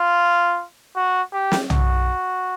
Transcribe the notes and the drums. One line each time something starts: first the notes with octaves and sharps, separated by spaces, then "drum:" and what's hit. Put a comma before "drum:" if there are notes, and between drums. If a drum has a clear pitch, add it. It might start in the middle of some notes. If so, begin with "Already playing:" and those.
Already playing: F4
F#4
G4
drum: snare
F#4, drum: tom